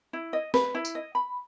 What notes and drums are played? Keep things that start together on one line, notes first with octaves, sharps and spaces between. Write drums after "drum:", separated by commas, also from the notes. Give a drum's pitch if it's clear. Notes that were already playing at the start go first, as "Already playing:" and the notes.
E4
D#5
B4, drum: snare
E4
drum: tambourine
D#5
B5